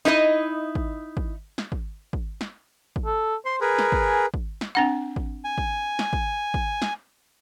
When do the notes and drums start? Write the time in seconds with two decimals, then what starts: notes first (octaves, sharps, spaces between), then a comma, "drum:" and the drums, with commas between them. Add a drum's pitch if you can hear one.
0.05 D#4 E4 A#4 D#5
0.75 drum: kick
1.17 drum: kick
1.58 drum: snare
1.72 drum: kick
2.13 drum: kick
2.41 drum: snare
2.96 drum: kick
3.05 A4
3.46 C5 C6
3.61 G#4 A#4 B4 G#5
3.79 drum: snare
3.92 drum: kick
4.34 drum: kick
4.61 drum: snare
4.75 C4 D4 F#5
5.16 drum: kick
5.45 G#5
5.58 drum: kick
5.99 drum: snare
6.13 drum: kick
6.54 drum: kick
6.82 drum: snare